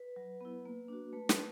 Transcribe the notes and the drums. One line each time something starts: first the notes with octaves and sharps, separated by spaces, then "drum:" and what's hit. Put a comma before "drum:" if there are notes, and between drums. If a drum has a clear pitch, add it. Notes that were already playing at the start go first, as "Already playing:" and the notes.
Already playing: B4
F#3
B3 E4
A#3
D4 F#4
A3 B4
drum: snare